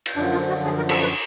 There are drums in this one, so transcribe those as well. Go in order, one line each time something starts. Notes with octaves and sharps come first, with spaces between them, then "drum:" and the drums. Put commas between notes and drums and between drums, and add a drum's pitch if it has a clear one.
drum: cymbal
F#2 D3 F3 D4
F4
F#4
G#4
A#4
A4, drum: cymbal
B4